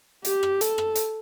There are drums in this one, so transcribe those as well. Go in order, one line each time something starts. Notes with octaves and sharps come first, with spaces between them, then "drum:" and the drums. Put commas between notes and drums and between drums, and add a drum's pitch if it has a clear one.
G4, drum: hi-hat
drum: rim click
A4, drum: hi-hat
drum: rim click
drum: hi-hat